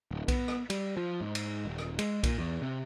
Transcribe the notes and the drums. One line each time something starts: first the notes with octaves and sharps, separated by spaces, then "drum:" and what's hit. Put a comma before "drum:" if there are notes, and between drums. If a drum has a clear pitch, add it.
D1
B3, drum: kick B1, cymbal
drum: rim click
G3, drum: cymbal
F3
G#2
drum: cymbal
D#1
drum: rim click
G#3, drum: cymbal
A#2, drum: kick B1, cymbal
E2
C3